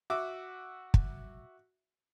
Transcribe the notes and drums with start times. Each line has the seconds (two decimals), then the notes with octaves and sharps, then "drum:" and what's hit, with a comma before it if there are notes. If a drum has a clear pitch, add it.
0.10 F#4 E5 D6
0.94 drum: kick